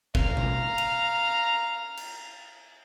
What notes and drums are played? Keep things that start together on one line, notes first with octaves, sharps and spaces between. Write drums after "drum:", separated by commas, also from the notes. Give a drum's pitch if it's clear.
F5 A#5, drum: kick
drum: tom B2
drum: cymbal
drum: cymbal